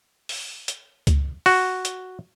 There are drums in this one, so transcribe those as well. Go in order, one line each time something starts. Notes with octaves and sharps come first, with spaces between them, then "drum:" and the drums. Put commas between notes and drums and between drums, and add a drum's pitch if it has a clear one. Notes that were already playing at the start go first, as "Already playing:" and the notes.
drum: open hi-hat
drum: hi-hat
drum: kick C#2, hi-hat
F#4, drum: open hi-hat
drum: hi-hat